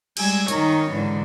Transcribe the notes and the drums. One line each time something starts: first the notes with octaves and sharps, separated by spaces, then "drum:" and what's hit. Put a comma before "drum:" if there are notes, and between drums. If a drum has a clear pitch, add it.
G3 G#3 G#5 E6 G#6 A#6, drum: cymbal
D#3 D#4 A#4 C#5, drum: hi-hat
G#2 D3 E3